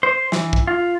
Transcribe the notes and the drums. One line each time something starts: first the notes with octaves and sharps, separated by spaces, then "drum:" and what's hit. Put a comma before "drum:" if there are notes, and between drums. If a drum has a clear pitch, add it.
C5
E3, drum: snare
drum: kick
F4